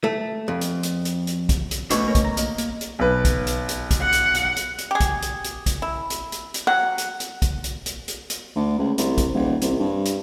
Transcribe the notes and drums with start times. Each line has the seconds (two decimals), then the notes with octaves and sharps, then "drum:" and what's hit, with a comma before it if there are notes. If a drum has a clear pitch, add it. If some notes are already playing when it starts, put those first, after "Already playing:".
0.04 A3
0.48 F2
0.61 drum: hi-hat
0.83 drum: hi-hat
1.05 drum: hi-hat
1.27 drum: hi-hat
1.49 drum: kick, hi-hat
1.71 drum: hi-hat
1.90 B2 A3 C#4 D4 F#4 B4, drum: hi-hat
2.06 A#3 A#4 C#5
2.15 drum: kick, hi-hat
2.24 A#5
2.37 A#3 D#5, drum: hi-hat
2.58 A#3, drum: hi-hat
2.81 drum: hi-hat
2.99 B1 B4
3.25 drum: kick, hi-hat
3.47 drum: hi-hat
3.69 drum: hi-hat
3.91 drum: kick, hi-hat
4.01 F#5
4.13 drum: hi-hat
4.35 drum: hi-hat
4.56 drum: hi-hat
4.78 drum: hi-hat
4.91 G4 G#4
5.00 drum: kick, hi-hat
5.22 drum: hi-hat
5.44 drum: hi-hat
5.66 drum: kick, hi-hat
5.82 E4
6.10 drum: hi-hat
6.32 drum: hi-hat
6.54 drum: hi-hat
6.67 F#3 F#5
6.98 drum: hi-hat
7.20 drum: hi-hat
7.42 drum: kick, hi-hat
7.64 drum: hi-hat
7.86 drum: hi-hat
8.08 drum: hi-hat
8.30 drum: hi-hat
8.55 D2
8.79 C#2
8.98 C2, drum: hi-hat
9.18 drum: kick, hi-hat
9.34 D#1
9.62 C2, drum: hi-hat
9.80 G2
10.05 drum: hi-hat